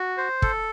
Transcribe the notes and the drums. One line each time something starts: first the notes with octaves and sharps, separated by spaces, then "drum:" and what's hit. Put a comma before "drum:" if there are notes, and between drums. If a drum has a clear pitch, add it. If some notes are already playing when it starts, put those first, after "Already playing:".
Already playing: F#4
C5
A4, drum: kick